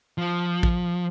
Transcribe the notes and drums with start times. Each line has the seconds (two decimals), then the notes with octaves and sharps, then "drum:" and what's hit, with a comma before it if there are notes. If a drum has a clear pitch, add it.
0.18 F3
0.63 drum: kick A1